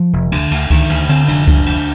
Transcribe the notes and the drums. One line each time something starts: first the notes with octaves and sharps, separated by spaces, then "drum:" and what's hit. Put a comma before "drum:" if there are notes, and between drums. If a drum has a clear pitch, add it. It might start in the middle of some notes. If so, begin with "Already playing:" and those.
Already playing: F3
F1
D2 D3, drum: cymbal
D2, drum: cymbal
D2 D#3, drum: kick C#2, cymbal
D2, drum: cymbal
D3 C4, drum: cymbal
F1 D4, drum: cymbal
D2 D4, drum: kick C#2, cymbal
D2, drum: cymbal